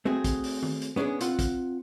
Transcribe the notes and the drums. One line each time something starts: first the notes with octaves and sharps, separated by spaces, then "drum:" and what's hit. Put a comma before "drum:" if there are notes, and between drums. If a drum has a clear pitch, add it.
A3 C4 F#4 G#4
drum: kick, hi-hat
drum: open hi-hat
drum: tom D#3
drum: hi-hat
B3 C#4 D4 F#4 G#4
C4 F4 F#5, drum: hi-hat
drum: kick, hi-hat